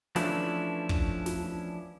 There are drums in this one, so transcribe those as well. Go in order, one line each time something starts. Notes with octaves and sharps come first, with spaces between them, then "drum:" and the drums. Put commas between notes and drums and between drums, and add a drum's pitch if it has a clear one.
E3 F3 A3 C#4 D4 E4, drum: snare
drum: kick
drum: snare